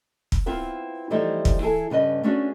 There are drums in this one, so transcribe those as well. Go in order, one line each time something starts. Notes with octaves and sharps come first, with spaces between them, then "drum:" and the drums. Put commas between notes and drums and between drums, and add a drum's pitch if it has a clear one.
drum: kick
B3 C4 E4 F4 F5
E3 F3 G3 A3 D#4 E4
drum: kick
E3 E4 G#4 A4
G2 C#3 B4 D#5
A3 B3 C#4 D4 F#4 G#4